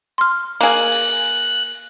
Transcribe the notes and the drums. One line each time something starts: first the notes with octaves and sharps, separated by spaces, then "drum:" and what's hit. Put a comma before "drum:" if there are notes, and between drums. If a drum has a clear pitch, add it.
C6 F6
A#3 G#4 F#6, drum: open hi-hat
drum: open hi-hat